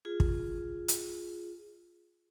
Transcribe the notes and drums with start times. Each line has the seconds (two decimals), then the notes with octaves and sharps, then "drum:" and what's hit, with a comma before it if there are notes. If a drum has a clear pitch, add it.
0.05 F4 G#4
0.20 drum: kick
0.88 drum: hi-hat